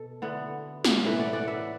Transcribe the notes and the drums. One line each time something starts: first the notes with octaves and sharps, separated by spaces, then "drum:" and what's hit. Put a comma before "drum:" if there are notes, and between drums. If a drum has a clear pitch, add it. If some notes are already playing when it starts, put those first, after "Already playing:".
Already playing: B2 A4
D3 B3 E4
drum: snare
A2 E3 A3 E4 B4 E5
D5 F#5
D5 F#5
B4 E5